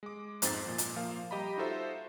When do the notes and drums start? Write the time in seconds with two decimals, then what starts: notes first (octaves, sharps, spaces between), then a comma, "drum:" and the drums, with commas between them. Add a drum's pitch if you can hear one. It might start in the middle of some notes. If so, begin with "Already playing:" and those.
0.03 G#3 D6
0.42 F2 G#2 C4 C5 A6, drum: hi-hat
0.66 A#2 F3
0.78 drum: hi-hat
0.96 F3 A#3 F5
1.31 G3 G4 D#5 A#5 B5
1.57 D#4 F4 F#4 A4 C5 E5